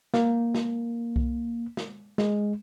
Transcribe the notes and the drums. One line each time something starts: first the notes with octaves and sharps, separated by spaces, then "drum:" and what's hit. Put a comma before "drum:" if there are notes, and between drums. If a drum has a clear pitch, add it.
A#3, drum: snare
drum: snare
drum: kick C2
drum: snare
G#3, drum: snare